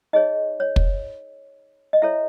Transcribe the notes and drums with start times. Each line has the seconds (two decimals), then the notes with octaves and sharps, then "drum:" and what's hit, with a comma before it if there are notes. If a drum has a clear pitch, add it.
0.13 D#4 G#4 C#5 D#5
0.60 C#5
0.76 drum: kick
1.93 D#5
2.02 E4 A4 C#5 E5